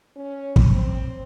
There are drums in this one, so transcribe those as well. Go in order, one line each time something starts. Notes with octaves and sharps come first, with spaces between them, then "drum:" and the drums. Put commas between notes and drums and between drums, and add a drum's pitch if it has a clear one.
C#4
drum: kick
C4